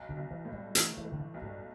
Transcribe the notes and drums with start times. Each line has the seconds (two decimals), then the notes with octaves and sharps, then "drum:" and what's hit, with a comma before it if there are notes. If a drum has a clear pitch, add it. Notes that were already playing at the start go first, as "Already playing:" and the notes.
Already playing: B1
0.09 D3
0.17 B1
0.31 E3
0.45 A2
0.53 G3
0.75 E3 A3, drum: hi-hat
0.97 E3
1.05 A3
1.12 D3
1.20 E3
1.34 B1
1.42 G2